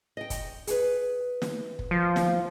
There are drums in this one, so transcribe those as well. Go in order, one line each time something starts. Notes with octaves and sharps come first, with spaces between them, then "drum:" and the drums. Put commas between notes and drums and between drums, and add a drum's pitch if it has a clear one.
D#5 G5
drum: kick, hi-hat
G#4 B4, drum: hi-hat
drum: snare
drum: kick
F3
drum: snare